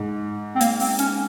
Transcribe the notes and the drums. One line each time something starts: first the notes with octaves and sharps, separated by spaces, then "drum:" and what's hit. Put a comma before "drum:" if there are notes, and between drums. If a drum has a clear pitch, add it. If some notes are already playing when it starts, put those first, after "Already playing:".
Already playing: G#2
C4
A#3, drum: hi-hat
C4, drum: open hi-hat
C#4, drum: hi-hat